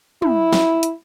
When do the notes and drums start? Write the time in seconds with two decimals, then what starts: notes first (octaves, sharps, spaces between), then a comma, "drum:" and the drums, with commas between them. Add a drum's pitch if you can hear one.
0.22 E4, drum: tom
0.53 drum: snare
0.83 drum: hi-hat